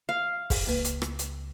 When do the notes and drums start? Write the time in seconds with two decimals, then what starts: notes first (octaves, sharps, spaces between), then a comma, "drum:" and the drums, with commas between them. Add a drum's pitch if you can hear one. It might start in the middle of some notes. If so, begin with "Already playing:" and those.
0.09 F5
0.50 drum: kick, open hi-hat
0.67 C#2 A#3 B4
0.84 drum: hi-hat
1.02 drum: rim click
1.19 drum: hi-hat